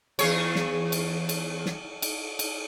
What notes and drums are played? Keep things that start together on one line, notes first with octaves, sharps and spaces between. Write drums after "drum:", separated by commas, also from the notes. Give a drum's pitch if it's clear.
E2 G#4 C#5, drum: cymbal
drum: snare
drum: cymbal
drum: cymbal
drum: snare
drum: cymbal
drum: cymbal